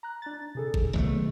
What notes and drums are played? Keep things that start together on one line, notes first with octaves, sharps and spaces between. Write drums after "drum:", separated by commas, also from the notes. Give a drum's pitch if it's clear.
A#5 F#6
D4 A6
C3 G#4 A4
drum: kick
B1 D#3 G3 A3